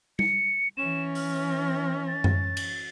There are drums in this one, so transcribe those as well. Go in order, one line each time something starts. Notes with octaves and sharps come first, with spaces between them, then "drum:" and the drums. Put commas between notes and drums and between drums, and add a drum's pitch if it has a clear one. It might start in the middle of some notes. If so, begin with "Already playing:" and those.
C#7, drum: tom G3
E3 C#4 E7
F6, drum: open hi-hat
A6
drum: tom F#2
drum: cymbal